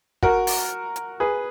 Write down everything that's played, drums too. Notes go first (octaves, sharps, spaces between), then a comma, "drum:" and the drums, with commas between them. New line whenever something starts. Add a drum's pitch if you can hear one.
F#4 A#4, drum: kick
drum: open hi-hat
drum: hi-hat
G#4 B4